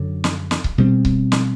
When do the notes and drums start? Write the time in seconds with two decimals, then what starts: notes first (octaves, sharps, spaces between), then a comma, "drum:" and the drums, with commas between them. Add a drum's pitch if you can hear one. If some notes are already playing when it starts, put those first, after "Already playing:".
Already playing: F#2 D3 F#3
0.24 drum: snare
0.51 drum: snare
0.64 drum: kick C#1
0.78 B2 G3 C4
1.05 drum: kick C#1
1.32 drum: snare